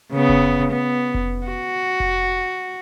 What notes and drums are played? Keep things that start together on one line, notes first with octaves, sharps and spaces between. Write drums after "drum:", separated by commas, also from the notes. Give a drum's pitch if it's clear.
C#3 B3
drum: kick F1
B3
drum: kick F1
F#4
drum: kick F1